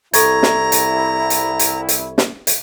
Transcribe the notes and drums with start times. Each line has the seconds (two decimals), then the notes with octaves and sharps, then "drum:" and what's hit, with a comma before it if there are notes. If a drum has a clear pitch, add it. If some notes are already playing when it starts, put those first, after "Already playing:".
0.14 C2 E4 A4 A#5 C#6 G#6, drum: hi-hat
0.43 drum: snare
0.72 drum: hi-hat
1.30 drum: hi-hat
1.59 drum: hi-hat
1.89 drum: hi-hat
2.18 drum: snare
2.47 drum: hi-hat